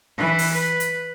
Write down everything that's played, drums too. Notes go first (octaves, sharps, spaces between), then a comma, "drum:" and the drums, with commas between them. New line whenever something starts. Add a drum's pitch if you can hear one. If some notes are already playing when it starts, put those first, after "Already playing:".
E3 B4, drum: snare C#4
drum: open hi-hat
B4
drum: hi-hat